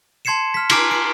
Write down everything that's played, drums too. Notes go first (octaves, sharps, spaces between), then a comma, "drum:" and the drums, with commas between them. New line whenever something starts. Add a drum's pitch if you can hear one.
A5 C6 G#6 C7 C#7 E7
F6 B6
G#5 A#5 D6 F6 G#6 C7, drum: cymbal
D7